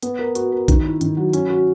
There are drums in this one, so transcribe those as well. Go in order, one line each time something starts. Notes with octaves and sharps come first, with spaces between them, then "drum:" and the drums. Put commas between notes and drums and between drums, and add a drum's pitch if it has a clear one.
B3, drum: hi-hat
A#4
F#4, drum: hi-hat
A#4
D#3, drum: kick A1, hi-hat
E4
D#3, drum: hi-hat
F#3
C#4, drum: hi-hat
F#4